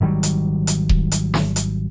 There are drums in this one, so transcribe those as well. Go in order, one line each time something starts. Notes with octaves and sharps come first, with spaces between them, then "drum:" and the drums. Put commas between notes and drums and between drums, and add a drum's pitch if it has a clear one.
G#1 D#3 F#3 G3
drum: hi-hat
drum: hi-hat
drum: kick D#1
drum: hi-hat
drum: snare
drum: hi-hat